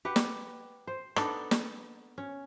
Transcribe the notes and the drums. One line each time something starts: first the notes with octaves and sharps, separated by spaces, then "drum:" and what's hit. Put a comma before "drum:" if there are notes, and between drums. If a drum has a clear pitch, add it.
G4 B4 F#5
drum: snare
C5
B3 D4 D#4 A4, drum: rim click
drum: snare
C#4